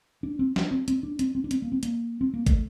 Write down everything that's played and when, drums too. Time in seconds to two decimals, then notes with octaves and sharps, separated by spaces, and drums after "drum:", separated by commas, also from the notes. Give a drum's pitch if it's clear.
0.23 D4
0.39 C4
0.56 D4, drum: snare
0.71 C4
0.88 C4, drum: hi-hat
1.03 D4
1.19 C4, drum: hi-hat
1.35 C4
1.44 D4
1.51 C4, drum: hi-hat
1.62 A#3
1.72 C4
1.83 A#3, drum: hi-hat
2.21 C4
2.34 A#3
2.46 A3, drum: kick, hi-hat